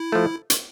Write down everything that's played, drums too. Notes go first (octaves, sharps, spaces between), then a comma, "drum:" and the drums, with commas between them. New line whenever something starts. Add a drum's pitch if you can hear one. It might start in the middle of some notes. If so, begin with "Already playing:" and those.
Already playing: E4
F3 A3
drum: hi-hat